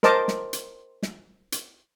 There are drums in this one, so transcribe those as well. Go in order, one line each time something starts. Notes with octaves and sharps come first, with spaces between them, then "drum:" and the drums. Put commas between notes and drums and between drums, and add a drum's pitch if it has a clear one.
A#4 C5 D#5 A5 D6, drum: snare
drum: snare
drum: hi-hat
drum: snare
drum: hi-hat